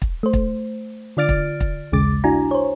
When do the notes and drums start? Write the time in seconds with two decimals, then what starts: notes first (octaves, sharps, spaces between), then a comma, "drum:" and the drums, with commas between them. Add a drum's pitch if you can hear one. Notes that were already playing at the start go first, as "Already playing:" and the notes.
0.02 drum: kick
0.23 A3 C5
0.33 drum: kick
1.17 D3 F4 D5 F6 A6 D7
1.29 drum: kick
1.61 drum: kick
1.92 A#1 D#2 C#3 G#3 D6 A6
2.24 D4 E4 F#4 G#5 A#5
2.51 C5 C#5